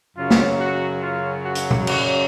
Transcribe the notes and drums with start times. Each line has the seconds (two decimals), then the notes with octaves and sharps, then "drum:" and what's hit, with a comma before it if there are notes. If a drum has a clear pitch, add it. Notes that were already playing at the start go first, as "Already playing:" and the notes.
0.16 F#2 C#3 F#3 F4
0.30 drum: snare
0.59 F#4
1.02 F4
1.44 F#4
1.55 drum: hi-hat
1.71 drum: tom A#2
1.87 F#4, drum: cymbal